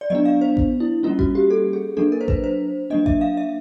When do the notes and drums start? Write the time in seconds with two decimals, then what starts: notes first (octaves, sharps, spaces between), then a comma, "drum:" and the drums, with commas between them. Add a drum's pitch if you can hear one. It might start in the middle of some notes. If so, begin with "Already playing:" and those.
0.01 D5
0.10 F#3 B3 D4 D#5
0.25 F5
0.41 C5
0.57 drum: kick A1
0.80 E4
1.03 G3 A#3 C#4 F4
1.19 F#4, drum: kick A1
1.35 G4
1.50 A4
1.73 G#4
1.97 F#3 A#3 D4 A4
2.12 A#4
2.21 C5
2.28 B4, drum: kick A1
2.44 C5
2.90 F#3 A#3 D4 D#5
3.06 E5, drum: kick A1
3.21 F5
3.37 E5